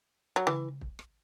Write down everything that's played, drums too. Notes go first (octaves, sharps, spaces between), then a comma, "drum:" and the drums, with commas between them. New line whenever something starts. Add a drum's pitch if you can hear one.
F#3
E3, drum: tom C#3
drum: kick
drum: rim click